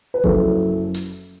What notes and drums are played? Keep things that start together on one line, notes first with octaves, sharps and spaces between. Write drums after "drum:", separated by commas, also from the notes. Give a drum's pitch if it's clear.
B4
F#1 F#2 F#3 E4 A4, drum: kick G#1
drum: hi-hat